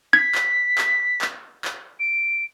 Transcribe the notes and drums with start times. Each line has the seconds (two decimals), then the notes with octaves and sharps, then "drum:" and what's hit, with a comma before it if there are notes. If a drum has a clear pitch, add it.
0.13 G#6 B6
0.35 drum: clap
0.78 drum: clap
1.21 drum: clap
1.65 drum: clap
2.00 D7